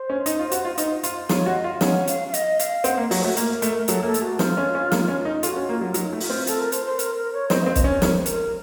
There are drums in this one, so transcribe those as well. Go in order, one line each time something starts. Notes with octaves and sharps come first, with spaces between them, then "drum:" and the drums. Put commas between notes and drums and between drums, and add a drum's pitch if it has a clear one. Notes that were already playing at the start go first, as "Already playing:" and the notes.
Already playing: C5
C#4
D#4, drum: hi-hat
F4
F#4, drum: hi-hat
F4
D#4, drum: hi-hat
F4, drum: hi-hat
F4 C#5, drum: snare
F#4 D#5
F4 F5
C#4 F#5, drum: snare
F5, drum: hi-hat
F5
D#5, drum: hi-hat
F5, drum: hi-hat
C4 F#5, drum: hi-hat
A#3 F5
F#3 C#5, drum: open hi-hat
A3 F#4
A#3 A#4, drum: hi-hat
A3, drum: hi-hat
F#3 A4, drum: hi-hat
A#3 A4
A3, drum: hi-hat
F#4
C4 F4, drum: snare
C#4
C#4
A#3, drum: snare
C#4
D#4
F4 A4, drum: hi-hat
F#4
C#4
A#3 F#4
F4
F#3
F#3 D#4, drum: hi-hat
A3
F#4, drum: open hi-hat
C4 F4
A4, drum: hi-hat
A#4
C5, drum: hi-hat
C5
A#4, drum: hi-hat
A#4
C#5
C4 D#5, drum: snare
C4 F5
D#5, drum: kick, hi-hat
C#4 C#5
A#4, drum: snare
C5
A#4, drum: hi-hat